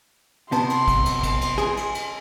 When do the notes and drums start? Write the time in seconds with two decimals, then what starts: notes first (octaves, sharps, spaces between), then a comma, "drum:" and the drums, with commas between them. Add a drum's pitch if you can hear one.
0.52 C3 B3 A5 C6, drum: cymbal
0.70 drum: cymbal
0.88 drum: kick, cymbal
1.05 drum: cymbal
1.23 drum: kick, cymbal
1.41 drum: cymbal
1.58 G#4, drum: snare
1.77 drum: cymbal
1.95 drum: cymbal